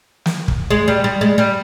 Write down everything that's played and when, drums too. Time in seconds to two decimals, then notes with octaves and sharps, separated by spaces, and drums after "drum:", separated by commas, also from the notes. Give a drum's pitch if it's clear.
0.26 drum: snare
0.48 drum: kick
0.70 G#3
0.88 G3
1.04 G3
1.21 G#3
1.38 G3